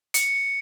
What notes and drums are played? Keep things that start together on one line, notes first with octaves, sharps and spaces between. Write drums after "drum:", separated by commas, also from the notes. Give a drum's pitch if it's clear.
C#7, drum: hi-hat